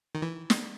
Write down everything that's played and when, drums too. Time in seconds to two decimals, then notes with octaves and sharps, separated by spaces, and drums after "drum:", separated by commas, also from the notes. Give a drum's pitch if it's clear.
0.15 D#3
0.22 E3
0.50 drum: snare